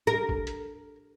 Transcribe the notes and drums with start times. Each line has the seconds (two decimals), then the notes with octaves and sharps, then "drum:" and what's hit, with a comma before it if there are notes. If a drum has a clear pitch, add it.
0.07 A#4
0.29 drum: kick
0.47 drum: hi-hat